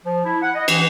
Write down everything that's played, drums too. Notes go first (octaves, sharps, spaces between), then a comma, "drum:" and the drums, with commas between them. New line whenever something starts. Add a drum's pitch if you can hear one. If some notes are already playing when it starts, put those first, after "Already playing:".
F3
E4
F#5
D#5
E3, drum: cymbal